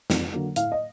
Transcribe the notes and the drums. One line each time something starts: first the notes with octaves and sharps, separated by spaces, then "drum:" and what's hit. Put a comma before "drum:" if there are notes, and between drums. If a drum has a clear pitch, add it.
F2, drum: snare
D3 F#3 A#3
A2 F5, drum: hi-hat
D#5